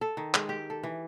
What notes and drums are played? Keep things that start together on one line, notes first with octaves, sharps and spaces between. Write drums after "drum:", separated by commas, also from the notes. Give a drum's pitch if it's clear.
A4
D#3
G#3, drum: clap
G4
A4
E3